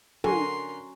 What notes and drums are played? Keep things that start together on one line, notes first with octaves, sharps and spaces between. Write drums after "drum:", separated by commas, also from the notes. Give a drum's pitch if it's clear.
D3 F#3 C#4 F#4 A#4 G#5 C6, drum: tom